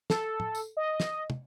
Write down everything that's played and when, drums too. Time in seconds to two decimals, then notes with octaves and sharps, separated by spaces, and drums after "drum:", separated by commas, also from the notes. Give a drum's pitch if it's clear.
0.10 A4, drum: snare
0.40 drum: tom
0.55 drum: tambourine
0.77 D#5
1.00 drum: snare
1.30 drum: tom